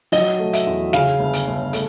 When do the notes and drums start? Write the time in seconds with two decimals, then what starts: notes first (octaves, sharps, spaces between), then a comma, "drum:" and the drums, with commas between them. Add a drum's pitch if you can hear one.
0.12 F#3 D#5, drum: open hi-hat
0.39 A3
0.53 E5, drum: hi-hat
0.67 E2
0.93 C#3 F5, drum: snare
1.19 G1
1.33 drum: hi-hat
1.47 G1
1.73 A3, drum: hi-hat